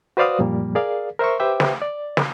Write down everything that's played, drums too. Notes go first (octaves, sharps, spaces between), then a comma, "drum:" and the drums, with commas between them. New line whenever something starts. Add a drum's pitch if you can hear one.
F#4 B4 C5 D5 F5 D#6
F#2 A#2 F3 G3 A#3
G#4 A#4 D5 F5
A#4 C5 E5 C6 C#6
G4 B4 C5 E5 G5 D6
drum: snare
D5
drum: snare